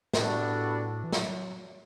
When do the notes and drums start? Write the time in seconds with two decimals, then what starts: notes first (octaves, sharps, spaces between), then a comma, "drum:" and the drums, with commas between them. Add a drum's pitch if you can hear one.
0.13 G2, drum: snare
0.18 A2 G3 B3 D4 F#4 A4
1.04 E3
1.12 F#3, drum: snare